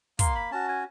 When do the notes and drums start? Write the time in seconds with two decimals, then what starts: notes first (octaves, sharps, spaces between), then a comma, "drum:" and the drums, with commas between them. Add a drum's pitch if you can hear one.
0.19 A#3 C6, drum: kick, hi-hat
0.35 B5
0.51 C#4 F#4 A5
0.69 G#5